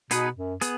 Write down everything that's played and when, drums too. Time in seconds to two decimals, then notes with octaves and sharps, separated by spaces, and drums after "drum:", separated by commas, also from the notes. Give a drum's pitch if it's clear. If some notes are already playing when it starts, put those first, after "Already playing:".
0.11 B2 B3 D#4 G#4 B4, drum: hi-hat
0.36 F#2
0.61 B3 G#4, drum: hi-hat